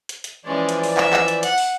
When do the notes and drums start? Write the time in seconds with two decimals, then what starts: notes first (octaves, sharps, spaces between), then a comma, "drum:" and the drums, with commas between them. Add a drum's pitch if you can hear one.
0.09 drum: hi-hat
0.24 drum: hi-hat
0.45 E3 F3 G#3 C#4 D5
0.69 drum: hi-hat
0.84 drum: open hi-hat
0.98 E5, drum: clap
1.13 drum: clap
1.28 drum: hi-hat
1.43 F#5, drum: hi-hat
1.58 drum: open hi-hat